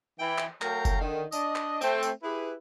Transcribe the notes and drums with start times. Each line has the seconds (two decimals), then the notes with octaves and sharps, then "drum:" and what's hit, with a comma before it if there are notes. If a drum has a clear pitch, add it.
0.20 E3 E4 G5
0.38 drum: clap
0.62 F#3 A3 A#4 F5 G5 A#5, drum: clap
0.85 drum: kick F#1, tambourine
1.01 D3 D#3
1.32 D4 D#5, drum: tambourine
1.56 drum: clap
1.82 A3 C4, drum: tambourine
2.03 drum: tambourine
2.23 E4 G4 G#4 B4